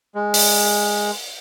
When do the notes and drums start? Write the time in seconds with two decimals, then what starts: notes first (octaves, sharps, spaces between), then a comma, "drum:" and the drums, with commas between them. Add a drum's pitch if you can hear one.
0.15 G#3
0.34 drum: open hi-hat